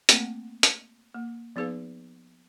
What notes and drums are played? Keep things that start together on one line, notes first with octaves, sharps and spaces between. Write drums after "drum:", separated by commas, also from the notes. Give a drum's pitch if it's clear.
A3 A#3 C4 G5, drum: hi-hat
drum: hi-hat
A#3
F3 B3 D#4 G#4 B4 F5